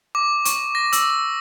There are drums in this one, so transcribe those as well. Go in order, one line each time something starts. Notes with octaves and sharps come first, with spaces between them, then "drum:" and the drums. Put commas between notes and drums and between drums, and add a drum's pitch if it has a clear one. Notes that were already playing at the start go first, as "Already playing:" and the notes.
D6
C#6, drum: hi-hat
A#6
E6, drum: hi-hat
E6